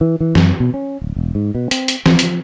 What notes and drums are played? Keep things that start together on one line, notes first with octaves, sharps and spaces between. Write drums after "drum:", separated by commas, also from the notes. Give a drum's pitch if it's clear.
E3
E3
F#2, drum: snare
B2
C#4
D1
E1
G#2
B2
C4, drum: hi-hat
drum: hi-hat
F3, drum: snare
drum: hi-hat